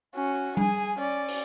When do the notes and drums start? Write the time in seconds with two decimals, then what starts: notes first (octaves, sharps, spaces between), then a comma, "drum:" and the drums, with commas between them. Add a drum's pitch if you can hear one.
0.15 C#4 F#4
0.57 G#4 G#5, drum: tom G3
0.98 C#4 D5
1.28 drum: open hi-hat